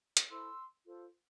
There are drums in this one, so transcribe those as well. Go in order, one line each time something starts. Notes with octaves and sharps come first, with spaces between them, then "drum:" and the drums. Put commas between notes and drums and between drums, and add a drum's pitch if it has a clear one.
drum: hi-hat
E4 A4 C5 C6 E6
F4 A4 C5